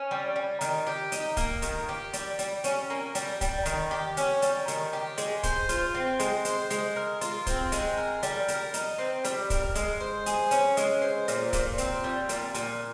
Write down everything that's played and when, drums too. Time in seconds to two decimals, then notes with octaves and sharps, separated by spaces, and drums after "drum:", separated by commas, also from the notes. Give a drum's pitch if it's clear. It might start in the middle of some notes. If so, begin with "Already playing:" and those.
Already playing: C#4
0.11 G3
0.36 G3
0.61 D#3, drum: hi-hat
0.87 G4
1.12 D#4, drum: hi-hat
1.37 A#3, drum: kick, hi-hat
1.62 D#3, drum: hi-hat
1.89 G4
2.13 G3, drum: hi-hat
2.39 G3, drum: hi-hat
2.64 C#4, drum: hi-hat
2.90 A#3
3.15 G3, drum: hi-hat
3.41 G3, drum: kick, hi-hat
3.66 D#3, drum: hi-hat
3.91 G4
4.17 C#4, drum: hi-hat
4.42 G3, drum: hi-hat
4.68 D#3, drum: hi-hat
4.93 G4
5.18 G#3, drum: hi-hat
5.43 C5, drum: kick, hi-hat
5.69 F4, drum: hi-hat
5.95 C4
6.20 G#3, drum: hi-hat
6.45 C5, drum: hi-hat
6.70 G#3, drum: hi-hat
6.96 A#4
7.21 F4, drum: hi-hat
7.47 C4, drum: kick, hi-hat
7.72 G#3, drum: hi-hat
7.97 A#4
8.23 G3, drum: hi-hat
8.48 A#4, drum: hi-hat
8.74 D#4, drum: hi-hat
8.98 C4
9.24 G3, drum: hi-hat
9.50 A#4, drum: kick, hi-hat
9.75 G#3, drum: hi-hat
10.00 C5
10.26 G#4, drum: hi-hat
10.51 C#4, drum: hi-hat
10.77 G#3, drum: hi-hat
11.02 C5
11.28 A#2, drum: hi-hat
11.53 A#2, drum: kick, hi-hat
11.78 C4, drum: hi-hat
12.04 G3
12.29 A#2, drum: hi-hat
12.54 A#2, drum: hi-hat